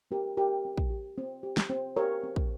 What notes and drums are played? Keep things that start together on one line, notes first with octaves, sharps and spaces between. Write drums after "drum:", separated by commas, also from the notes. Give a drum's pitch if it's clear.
C4 G4 A#4
G4 A#4
C4
drum: kick
G4
C4
G4
drum: snare
C4
G4 A#4 C#5
C4
drum: kick